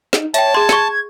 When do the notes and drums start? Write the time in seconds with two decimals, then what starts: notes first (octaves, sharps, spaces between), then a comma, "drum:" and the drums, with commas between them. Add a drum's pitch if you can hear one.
0.13 D#4, drum: snare
0.34 C#5 E5 G5 A5, drum: hi-hat
0.54 G#4 C6 G#6
0.69 C#6 C#7, drum: snare